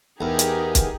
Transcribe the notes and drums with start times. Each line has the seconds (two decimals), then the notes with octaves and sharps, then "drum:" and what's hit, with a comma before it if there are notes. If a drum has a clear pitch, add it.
0.21 E2 D#4 G4 G#4 A#4
0.39 drum: hi-hat
0.75 drum: kick, hi-hat